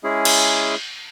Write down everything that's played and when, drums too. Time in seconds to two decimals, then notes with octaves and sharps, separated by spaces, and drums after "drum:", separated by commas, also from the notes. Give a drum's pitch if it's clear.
0.04 G#3 C#4 E4 G#4
0.25 drum: cymbal